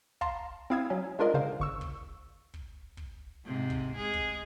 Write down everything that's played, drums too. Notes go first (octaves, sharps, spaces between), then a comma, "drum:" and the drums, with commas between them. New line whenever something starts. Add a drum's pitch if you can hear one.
F5 A5 A#5 C6, drum: kick
C4 E4 F5 D#6 E6 G#6
F#3 C#4
G#3 D4 F4 A#4 D5 D#5
C#3 C5 F5
G1 C#6 E6
drum: kick
drum: kick
drum: kick
G#2 C3
drum: kick
G#3 G#4
drum: kick